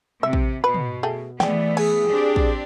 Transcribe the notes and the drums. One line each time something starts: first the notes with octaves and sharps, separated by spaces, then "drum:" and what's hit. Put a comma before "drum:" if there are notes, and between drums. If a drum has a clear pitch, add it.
C3 E5
drum: kick
B2 B4
drum: tom
A3 G#4 G5
E3 A3 B3 G#4 D5 G5, drum: snare
G#4 G#5, drum: cymbal
C4 D4 G4
drum: kick